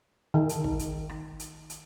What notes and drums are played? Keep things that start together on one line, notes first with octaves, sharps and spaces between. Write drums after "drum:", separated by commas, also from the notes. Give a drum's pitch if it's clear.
D#3
drum: hi-hat
drum: kick
drum: hi-hat
drum: rim click
drum: hi-hat
drum: hi-hat